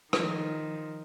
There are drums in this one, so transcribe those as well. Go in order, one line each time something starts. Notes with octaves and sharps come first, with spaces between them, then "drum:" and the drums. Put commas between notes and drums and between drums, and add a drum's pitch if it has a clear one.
D#3 F3, drum: rim click